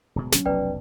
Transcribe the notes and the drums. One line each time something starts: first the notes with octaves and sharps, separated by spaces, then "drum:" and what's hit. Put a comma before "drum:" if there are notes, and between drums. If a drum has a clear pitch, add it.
D1 B2 G#3
F#3 C#4, drum: snare
F1 B1 B4 D5 G5